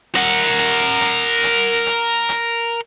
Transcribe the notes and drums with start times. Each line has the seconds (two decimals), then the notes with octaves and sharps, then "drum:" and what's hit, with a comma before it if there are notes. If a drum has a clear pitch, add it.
0.15 A#4 F#5, drum: hi-hat
0.58 drum: hi-hat
1.01 drum: hi-hat
1.43 drum: hi-hat
1.86 drum: hi-hat
2.29 drum: hi-hat